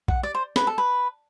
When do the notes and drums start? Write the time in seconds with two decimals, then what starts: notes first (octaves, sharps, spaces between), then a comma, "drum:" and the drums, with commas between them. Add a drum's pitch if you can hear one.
0.08 F#5, drum: kick A#1
0.23 D5
0.35 C5
0.56 B4, drum: snare
0.67 A4
0.78 B4